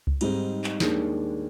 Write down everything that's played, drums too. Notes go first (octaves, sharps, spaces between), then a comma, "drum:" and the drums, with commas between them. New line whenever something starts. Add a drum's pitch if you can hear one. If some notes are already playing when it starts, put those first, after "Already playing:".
drum: kick C#2
G#2 G3 C4 D#4, drum: cymbal
drum: clap
D#2 D#3 G#3 D4, drum: snare